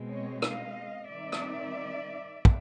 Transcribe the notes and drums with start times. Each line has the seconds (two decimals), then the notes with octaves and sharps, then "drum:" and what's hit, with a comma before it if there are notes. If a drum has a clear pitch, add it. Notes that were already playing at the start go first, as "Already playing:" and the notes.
Already playing: B2 G#3 C4
0.09 C#5 D#5
0.42 D#5 F5, drum: rim click
1.10 D#3 G3 C4 D#4 D5 E5
1.32 drum: rim click
2.45 drum: kick